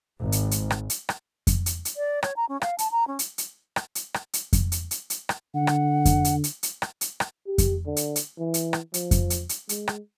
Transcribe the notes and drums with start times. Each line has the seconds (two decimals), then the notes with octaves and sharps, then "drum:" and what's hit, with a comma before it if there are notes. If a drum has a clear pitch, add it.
0.21 G#1
0.32 drum: hi-hat
0.51 drum: hi-hat
0.70 drum: rim click
0.90 drum: hi-hat
1.09 drum: rim click
1.47 drum: kick F2, hi-hat
1.66 drum: hi-hat
1.85 drum: hi-hat
1.97 D5
2.23 C#5, drum: rim click
2.36 A#5
2.49 C#4
2.62 F5, drum: rim click
2.79 A5, drum: hi-hat
2.91 A#5
3.07 C#4
3.19 drum: hi-hat
3.38 drum: hi-hat
3.76 drum: rim click
3.95 drum: hi-hat
4.14 drum: rim click
4.33 drum: hi-hat
4.53 drum: kick F2, hi-hat
4.72 drum: hi-hat
4.91 drum: hi-hat
5.10 drum: hi-hat
5.29 drum: rim click
5.54 D3 F#5
5.67 drum: rim click
6.05 drum: kick F2, hi-hat
6.25 drum: hi-hat
6.44 drum: hi-hat
6.63 drum: hi-hat
6.82 drum: rim click
7.01 drum: hi-hat
7.20 drum: rim click
7.47 G4
7.58 drum: kick F2, hi-hat
7.86 D3
7.96 drum: hi-hat
8.16 drum: hi-hat
8.39 E3
8.54 drum: hi-hat
8.73 drum: rim click
8.94 F3, drum: hi-hat
9.11 drum: kick F2, hi-hat
9.30 drum: hi-hat
9.49 drum: hi-hat
9.69 G#3, drum: hi-hat
9.88 drum: rim click